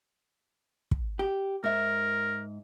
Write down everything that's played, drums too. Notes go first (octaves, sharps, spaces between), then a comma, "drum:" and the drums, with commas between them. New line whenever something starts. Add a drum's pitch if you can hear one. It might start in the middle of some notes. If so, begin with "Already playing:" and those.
drum: kick
G4
G#2 A#4 E5